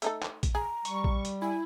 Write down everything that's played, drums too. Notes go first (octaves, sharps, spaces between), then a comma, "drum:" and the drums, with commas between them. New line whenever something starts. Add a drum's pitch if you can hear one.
A3 D#4 A4, drum: hi-hat
drum: clap
drum: kick A#1, hi-hat
G#4 A#5
G3 C#6, drum: hi-hat
drum: kick A#1
drum: hi-hat
E4 G#5